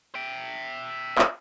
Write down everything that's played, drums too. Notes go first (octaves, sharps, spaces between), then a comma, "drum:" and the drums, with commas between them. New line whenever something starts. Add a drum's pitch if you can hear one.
E5 G5
drum: clap